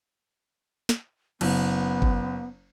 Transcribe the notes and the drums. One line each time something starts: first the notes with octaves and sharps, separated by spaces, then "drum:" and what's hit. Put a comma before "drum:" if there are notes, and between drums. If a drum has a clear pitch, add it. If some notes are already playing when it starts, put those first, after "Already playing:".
drum: snare
F#1 B3, drum: cymbal
drum: kick